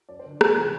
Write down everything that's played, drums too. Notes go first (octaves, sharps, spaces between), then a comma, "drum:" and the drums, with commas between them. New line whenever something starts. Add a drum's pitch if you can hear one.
F#2 D5
C5
D3 D4
E2, drum: rim click
C3 E3